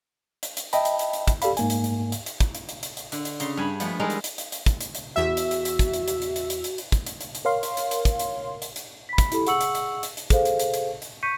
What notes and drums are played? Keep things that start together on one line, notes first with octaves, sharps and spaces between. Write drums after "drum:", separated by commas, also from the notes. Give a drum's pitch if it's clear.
drum: hi-hat
drum: hi-hat
D#5 E5 G5 A5 B5, drum: hi-hat
drum: hi-hat
drum: hi-hat
drum: hi-hat
drum: kick, hi-hat
G4 A4 D5 F5 B5, drum: hi-hat
G#2 A#3 G#5, drum: hi-hat
drum: hi-hat
drum: hi-hat
drum: hi-hat
drum: hi-hat
drum: kick, hi-hat
drum: hi-hat
drum: hi-hat
drum: hi-hat
drum: hi-hat
D3, drum: hi-hat
drum: hi-hat
C#3 C6, drum: hi-hat
G2 G#5 B5
F3 G#3 A3 B3, drum: hi-hat
E3 G3 G#3 D#4 A#4
drum: hi-hat
drum: hi-hat
drum: hi-hat
drum: hi-hat
drum: kick, hi-hat
drum: hi-hat
drum: hi-hat
E2 F#4 E5
drum: hi-hat
drum: hi-hat
drum: hi-hat
drum: kick, hi-hat
drum: hi-hat
drum: hi-hat
drum: hi-hat
drum: hi-hat
drum: hi-hat
drum: hi-hat
drum: hi-hat
drum: kick, hi-hat
drum: hi-hat
drum: hi-hat
drum: hi-hat
A#4 C#5 F5 C6
drum: hi-hat
drum: hi-hat
drum: hi-hat
drum: kick, hi-hat
drum: hi-hat
drum: hi-hat
drum: hi-hat
B5 B6
drum: kick, hi-hat
E4 G4 A4 B5, drum: hi-hat
G#4 F#5 C#6 E6 C#7 F#7, drum: hi-hat
drum: hi-hat
drum: hi-hat
drum: hi-hat
drum: hi-hat
G#4 A4 C5 F5, drum: kick, hi-hat
drum: hi-hat
drum: hi-hat
drum: hi-hat
drum: hi-hat
C#6 G6 B6 C#7 D#7